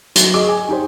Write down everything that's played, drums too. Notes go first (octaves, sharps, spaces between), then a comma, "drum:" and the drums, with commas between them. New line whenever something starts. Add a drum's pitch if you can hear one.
F#3, drum: hi-hat
G#4 D#5 D6
G#5
D#4 G4 C5